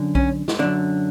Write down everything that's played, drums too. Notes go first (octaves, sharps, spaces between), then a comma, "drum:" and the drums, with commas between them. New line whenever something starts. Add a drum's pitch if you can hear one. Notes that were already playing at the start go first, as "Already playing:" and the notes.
Already playing: F#2 D3
C#4, drum: kick B1
drum: snare
F#2 D3 D4